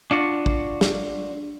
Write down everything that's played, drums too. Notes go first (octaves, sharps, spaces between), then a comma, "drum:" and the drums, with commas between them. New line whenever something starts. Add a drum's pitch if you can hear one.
D4 F4 F#4
drum: kick
drum: snare